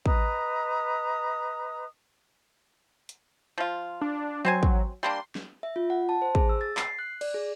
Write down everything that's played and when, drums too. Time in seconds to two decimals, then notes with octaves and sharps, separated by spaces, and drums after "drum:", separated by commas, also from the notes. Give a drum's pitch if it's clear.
0.06 B4 D#5 A#5 D#6, drum: kick
3.09 drum: hi-hat
3.58 F3 F4
4.01 D4
4.45 F#3 C4 C5 G#5
4.63 drum: kick
5.03 G3 A#3 D4 C6
5.35 drum: snare
5.63 E5
5.76 F4
5.90 F#5
6.09 A5
6.22 C5
6.35 G#4, drum: kick
6.49 E6
6.61 A6
6.77 C7, drum: clap
6.99 F#6
7.21 D5, drum: cymbal
7.34 G#4